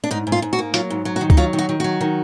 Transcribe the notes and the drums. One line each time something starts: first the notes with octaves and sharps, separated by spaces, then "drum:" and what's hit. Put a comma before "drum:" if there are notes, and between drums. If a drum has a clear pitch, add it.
D4
G#2 D#4
G#2
F4
G#2
F#4
A#3
F#3 F4, drum: hi-hat
G#2
F#3
F#4
D#3
D#4, drum: kick C#2
F#3 F4
D#3
F#4
D#3
F#3 F#4
D#3